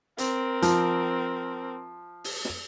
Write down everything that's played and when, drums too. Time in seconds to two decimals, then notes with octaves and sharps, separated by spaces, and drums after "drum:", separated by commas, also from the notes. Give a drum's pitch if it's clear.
0.18 C4 A#4, drum: hi-hat
0.62 F3, drum: hi-hat
2.24 drum: open hi-hat
2.45 drum: snare